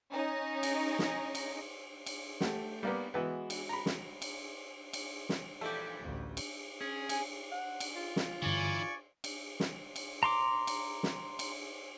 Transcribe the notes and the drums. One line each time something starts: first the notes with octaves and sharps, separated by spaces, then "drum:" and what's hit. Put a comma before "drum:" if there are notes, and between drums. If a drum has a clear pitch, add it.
C#4 D#4
drum: cymbal
drum: snare
drum: cymbal
drum: cymbal
A3 G4 F#5, drum: snare
G3 A#3 B3
E3 G#3 B3 F#4
drum: cymbal
A#5 B5
drum: snare
drum: cymbal
drum: cymbal
drum: snare
F2 A#2 E3 G3 A3 G4
A1 D2
drum: cymbal
C#4 G#4
G#5, drum: cymbal
F#5
drum: cymbal
F4
drum: snare
G2 D3 E3 D5 G#5 C#6
drum: cymbal
drum: snare
drum: cymbal
A#5 C6 D6
drum: cymbal
drum: snare
drum: cymbal